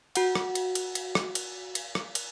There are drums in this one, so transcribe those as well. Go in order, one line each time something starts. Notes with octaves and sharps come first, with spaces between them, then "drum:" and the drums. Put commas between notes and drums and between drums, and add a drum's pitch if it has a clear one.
F#4 F#5, drum: cymbal
drum: rim click
drum: cymbal
drum: cymbal
drum: cymbal
drum: rim click
drum: cymbal
drum: cymbal
drum: rim click
drum: cymbal